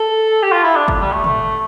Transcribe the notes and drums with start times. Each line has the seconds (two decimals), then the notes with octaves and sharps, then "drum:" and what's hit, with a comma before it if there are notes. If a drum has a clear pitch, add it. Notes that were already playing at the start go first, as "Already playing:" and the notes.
Already playing: A4
0.42 G4
0.52 F4
0.63 E4
0.76 D4
0.88 drum: kick
1.00 G3
1.12 A3
1.24 A3, drum: tom